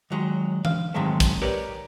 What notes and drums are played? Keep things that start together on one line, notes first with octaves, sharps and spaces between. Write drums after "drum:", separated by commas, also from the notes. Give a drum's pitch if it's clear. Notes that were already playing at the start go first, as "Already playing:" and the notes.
D#3 F#3 G#3
F5, drum: tom E3
G#2 C3 D#3 F#3 G#3 A3
drum: kick, hi-hat
G4 A#4 B4 C#5 D5